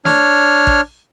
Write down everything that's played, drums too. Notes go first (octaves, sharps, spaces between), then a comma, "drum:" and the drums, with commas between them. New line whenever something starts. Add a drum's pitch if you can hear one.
D4 C#5 F6, drum: snare
drum: kick A1